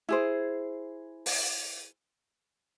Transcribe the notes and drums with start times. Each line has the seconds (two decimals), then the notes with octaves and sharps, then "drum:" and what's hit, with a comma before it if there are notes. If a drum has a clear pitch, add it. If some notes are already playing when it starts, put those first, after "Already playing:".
0.09 E4 G#4 C5
1.26 drum: open hi-hat